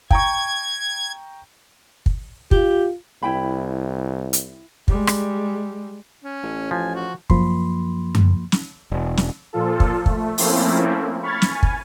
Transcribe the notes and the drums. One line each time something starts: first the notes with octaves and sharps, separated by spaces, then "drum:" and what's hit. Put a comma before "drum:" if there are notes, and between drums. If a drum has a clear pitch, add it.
G5 A#5 C#6 G#6, drum: kick
drum: kick
F4 G4, drum: kick
C2 E4 G5 B5
drum: hi-hat
G3 G#3, drum: kick
drum: rim click
C#4
A1
F3 G#5
F#4
F#2 F3 A#3 B5 C6, drum: kick
drum: tom F#2
drum: snare
E1
drum: snare
A#2 F3 F4 A4
drum: kick
A3, drum: kick
F3 A3 A#3 C4 C#4 E4, drum: open hi-hat
B5 C#6 F6 G#6 A6
drum: snare
G#5
drum: kick